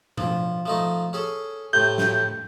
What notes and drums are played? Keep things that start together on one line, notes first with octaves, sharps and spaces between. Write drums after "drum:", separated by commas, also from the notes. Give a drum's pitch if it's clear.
F3, drum: tom B2
F3 A3 D#4
C#4 G#4 A4
A2 C3 G6
drum: snare